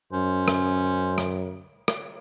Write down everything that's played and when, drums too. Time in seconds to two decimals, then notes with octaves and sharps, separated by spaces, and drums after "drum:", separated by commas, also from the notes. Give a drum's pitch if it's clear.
0.13 F#2 C#4 C5
0.48 drum: rim click
1.18 drum: rim click
1.88 drum: rim click